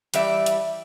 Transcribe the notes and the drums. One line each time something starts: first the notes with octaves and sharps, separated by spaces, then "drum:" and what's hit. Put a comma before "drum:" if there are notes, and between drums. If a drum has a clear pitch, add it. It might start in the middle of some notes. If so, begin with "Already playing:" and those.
E3 G3 D5 E5, drum: hi-hat
drum: hi-hat